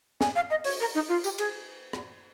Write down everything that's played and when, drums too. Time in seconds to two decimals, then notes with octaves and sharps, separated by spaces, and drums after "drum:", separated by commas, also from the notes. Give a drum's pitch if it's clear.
0.21 G#5, drum: snare
0.36 F5
0.50 D#5
0.64 C#5, drum: open hi-hat
0.80 A#4
0.95 D#4
1.09 F4
1.24 G4, drum: tambourine
1.38 G#4, drum: cymbal
1.93 drum: rim click